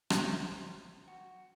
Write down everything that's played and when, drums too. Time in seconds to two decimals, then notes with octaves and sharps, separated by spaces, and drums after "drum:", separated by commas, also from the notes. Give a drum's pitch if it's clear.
0.10 C5, drum: rim click
1.07 F#4